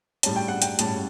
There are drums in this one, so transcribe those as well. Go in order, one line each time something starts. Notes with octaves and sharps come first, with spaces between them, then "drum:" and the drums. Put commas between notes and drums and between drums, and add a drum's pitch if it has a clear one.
A2 G3 C#4 A5, drum: hi-hat
G5
F#5
G5, drum: hi-hat
A2 G3 C#4 A5, drum: hi-hat